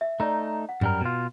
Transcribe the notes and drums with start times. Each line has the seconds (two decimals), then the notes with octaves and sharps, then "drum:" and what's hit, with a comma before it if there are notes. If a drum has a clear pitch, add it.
0.01 E5
0.20 A3 D#4 D5 A#5
0.69 F#5
0.81 F#2 G3 A#4, drum: tom G2
1.01 B2 F4